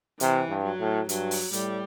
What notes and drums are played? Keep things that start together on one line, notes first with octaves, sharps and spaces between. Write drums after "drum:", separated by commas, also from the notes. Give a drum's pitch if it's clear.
C3 E3, drum: hi-hat
G2
F#3
A2
G2 F#3, drum: hi-hat
drum: open hi-hat
A2 G3, drum: hi-hat